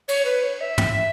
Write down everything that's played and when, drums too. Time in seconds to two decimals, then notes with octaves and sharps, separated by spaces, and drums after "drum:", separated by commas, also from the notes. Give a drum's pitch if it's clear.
0.08 C#5, drum: cymbal
0.25 B4
0.42 C#5
0.61 E5
0.78 drum: tom